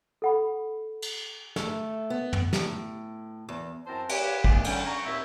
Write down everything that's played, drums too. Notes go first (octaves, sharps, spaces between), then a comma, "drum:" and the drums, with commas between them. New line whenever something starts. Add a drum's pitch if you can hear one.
A4 F#5 B5
drum: cymbal
A3, drum: snare
B3
drum: tom
A2, drum: snare
E2
F#2 C4 E4 A#4 C5 A5
G4 B4 C#5, drum: cymbal
D#3 A3 B3 D4 G#5, drum: kick
D3 D#3 G3 C#4, drum: cymbal
A#5 C#6
D#2 A#2 C4 E4 E5